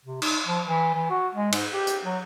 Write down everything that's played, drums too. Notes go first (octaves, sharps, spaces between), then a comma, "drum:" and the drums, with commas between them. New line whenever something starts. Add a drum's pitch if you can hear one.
C3
D#4, drum: cymbal
F3
E3
E3
F#4
G#3
G#2, drum: cymbal
G4
drum: hi-hat
F#3